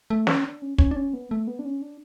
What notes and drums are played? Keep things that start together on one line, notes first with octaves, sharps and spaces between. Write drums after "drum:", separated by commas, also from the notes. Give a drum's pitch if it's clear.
A3
C#4, drum: snare
D4
C#4
C#4, drum: kick
D4
C#4
B3
A3
B3
D4
C#4
D4